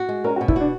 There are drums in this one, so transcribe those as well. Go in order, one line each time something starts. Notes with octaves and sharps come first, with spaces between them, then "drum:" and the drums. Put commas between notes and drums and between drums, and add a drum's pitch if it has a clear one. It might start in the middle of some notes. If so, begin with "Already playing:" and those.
Already playing: F#4
G#3
C#4 A#4
F#4
B2
E4, drum: kick
D4 F#4